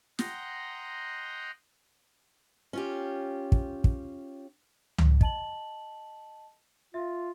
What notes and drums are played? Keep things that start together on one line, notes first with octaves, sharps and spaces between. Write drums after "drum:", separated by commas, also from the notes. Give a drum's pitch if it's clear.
D#5 F#5 G5 A#5 C6, drum: snare
C#4 F4 G4
drum: kick
drum: kick
drum: tom C#2
D#5 A5 F#7, drum: kick
F4 E5 F5